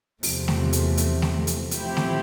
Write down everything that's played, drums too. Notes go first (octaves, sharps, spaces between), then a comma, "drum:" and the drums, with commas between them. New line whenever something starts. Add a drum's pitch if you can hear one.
E2 C3 F3 A3, drum: open hi-hat
drum: snare A3
drum: hi-hat
drum: hi-hat
drum: snare A3
drum: hi-hat
A2 F3 C4 E4 G4, drum: hi-hat
drum: snare A3